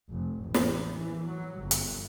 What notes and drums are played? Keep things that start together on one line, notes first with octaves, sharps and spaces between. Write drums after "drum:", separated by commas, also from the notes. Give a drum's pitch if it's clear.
F1
A1
drum: snare
E3
F#3
G1
drum: hi-hat